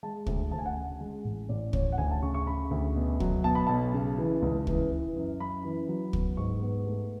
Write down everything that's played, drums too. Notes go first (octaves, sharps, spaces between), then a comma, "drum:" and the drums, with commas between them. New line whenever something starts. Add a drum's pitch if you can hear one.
G#3 A5
D2, drum: kick
D2 A5
G#5
F#5
C#3 G#5
G#3
A1
A1 D5
A1 C#5, drum: kick
F#5
D2 G#5
A5
C#3 C#6
C#6
C#3 B5
D2
B2
F#3, drum: kick
B2 A5
B5
B1 A5
C#3
E3
C#2
E3, drum: kick
E3
F#2
F#2 B5
E3
F#3
B3, drum: kick
G#2 C#6
B3
A3